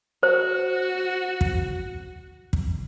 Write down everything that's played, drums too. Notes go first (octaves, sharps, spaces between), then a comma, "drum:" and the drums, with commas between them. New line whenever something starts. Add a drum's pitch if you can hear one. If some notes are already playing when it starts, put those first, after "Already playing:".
F#4 C5
drum: kick
drum: kick